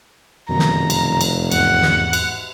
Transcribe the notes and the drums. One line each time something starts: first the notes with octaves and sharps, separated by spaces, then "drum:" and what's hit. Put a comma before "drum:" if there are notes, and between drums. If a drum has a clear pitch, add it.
F1 F#2 B2 D#3 A#5
drum: snare
drum: cymbal
drum: cymbal
E2 G#2 F#5, drum: cymbal
drum: snare
drum: cymbal